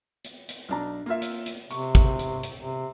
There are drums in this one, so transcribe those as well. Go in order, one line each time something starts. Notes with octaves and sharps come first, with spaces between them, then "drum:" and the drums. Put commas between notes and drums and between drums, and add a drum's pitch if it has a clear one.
drum: hi-hat
drum: hi-hat
B1 D4 A#5
A#3 F4 E5
drum: hi-hat
drum: hi-hat
C3 C#6, drum: hi-hat
drum: kick, hi-hat
drum: hi-hat
drum: hi-hat
C3